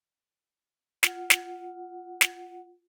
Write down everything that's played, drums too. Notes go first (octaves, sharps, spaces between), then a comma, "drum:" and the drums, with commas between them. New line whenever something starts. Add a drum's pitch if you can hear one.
F4 F#5, drum: snare
drum: snare
drum: snare